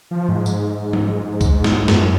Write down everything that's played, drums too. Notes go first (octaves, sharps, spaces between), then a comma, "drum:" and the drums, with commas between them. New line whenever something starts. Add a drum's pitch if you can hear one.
F3
G#2
drum: tambourine
drum: tom F3
drum: kick C2, tambourine
drum: snare
F#2, drum: snare